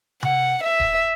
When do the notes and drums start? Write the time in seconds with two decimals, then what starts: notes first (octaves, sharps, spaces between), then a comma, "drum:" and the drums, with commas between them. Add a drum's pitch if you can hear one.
0.23 F#5, drum: tom C3
0.64 E5
0.80 drum: kick D#1